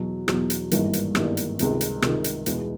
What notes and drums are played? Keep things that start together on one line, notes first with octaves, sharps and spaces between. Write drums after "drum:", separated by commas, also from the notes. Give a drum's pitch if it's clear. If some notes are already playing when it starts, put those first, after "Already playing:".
Already playing: E2 B2 F#3
E2 B2 F#3, drum: rim click
drum: hi-hat
G#1 G2 E3 G3 A#3, drum: hi-hat
drum: hi-hat
G#1 G2 E3 G3 A#3, drum: rim click
drum: hi-hat
C#2 C3 D#3, drum: hi-hat
drum: hi-hat
C#2 C3 D#3, drum: rim click
drum: hi-hat
E2 B2 G#3 B3, drum: hi-hat